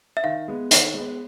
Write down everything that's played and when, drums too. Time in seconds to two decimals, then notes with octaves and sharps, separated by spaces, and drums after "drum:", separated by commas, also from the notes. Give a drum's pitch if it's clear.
0.17 E5
0.24 D#3 F5
0.48 G#3 B3
0.71 D#3, drum: hi-hat
0.94 G#3 B3